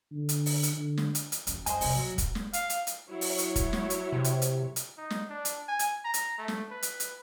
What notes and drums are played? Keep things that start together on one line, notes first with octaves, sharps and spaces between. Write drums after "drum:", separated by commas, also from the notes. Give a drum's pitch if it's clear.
D3
drum: hi-hat
drum: open hi-hat
drum: hi-hat
D3
drum: snare
drum: hi-hat
drum: hi-hat
F#1 D#3, drum: hi-hat
F#2 C5 D#5 G#5, drum: hi-hat
C3 A#3, drum: open hi-hat
F#3 A#3
drum: kick, hi-hat
drum: snare
F5, drum: hi-hat
drum: hi-hat
drum: hi-hat
F#3 E4 C#5
drum: open hi-hat
drum: hi-hat
drum: kick, hi-hat
drum: snare
drum: hi-hat
C3
drum: hi-hat
drum: hi-hat
drum: hi-hat
D#4
drum: snare
D4
drum: hi-hat
G#5
drum: hi-hat
A#5
drum: hi-hat
A3
drum: snare
B4
drum: hi-hat
drum: hi-hat